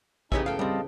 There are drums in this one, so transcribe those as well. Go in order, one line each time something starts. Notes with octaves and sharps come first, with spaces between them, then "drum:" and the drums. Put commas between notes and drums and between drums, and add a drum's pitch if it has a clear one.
C#3 E3 B3 D#4 G4 C#5 E5 G#5, drum: kick A#1
F#3 A3 A4 F5 G5
G3 C4 D#5 F5 A5